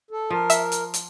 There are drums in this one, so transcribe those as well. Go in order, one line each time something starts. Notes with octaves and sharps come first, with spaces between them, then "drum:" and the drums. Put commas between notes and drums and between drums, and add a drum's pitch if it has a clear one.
A4
F3 A#4
E5, drum: hi-hat
drum: hi-hat
drum: hi-hat